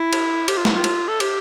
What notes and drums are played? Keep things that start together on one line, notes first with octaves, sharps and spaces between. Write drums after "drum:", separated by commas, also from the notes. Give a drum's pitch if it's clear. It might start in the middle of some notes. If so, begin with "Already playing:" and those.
Already playing: E4
drum: cymbal
G4, drum: cymbal
F4
E4, drum: snare
F4
drum: cymbal
A4
G4, drum: cymbal